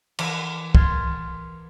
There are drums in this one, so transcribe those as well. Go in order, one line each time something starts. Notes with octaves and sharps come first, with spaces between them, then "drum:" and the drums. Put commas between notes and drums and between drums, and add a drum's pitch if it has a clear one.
E3 A#4, drum: cymbal
C6 F6 G#6 A6, drum: kick